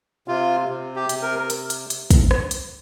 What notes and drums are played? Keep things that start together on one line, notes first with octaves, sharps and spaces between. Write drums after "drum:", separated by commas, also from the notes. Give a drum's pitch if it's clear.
C3 F4
C3
G4
C3, drum: hi-hat
A#4
A#4
drum: hi-hat
drum: hi-hat
drum: hi-hat
drum: kick, hi-hat
drum: rim click
drum: hi-hat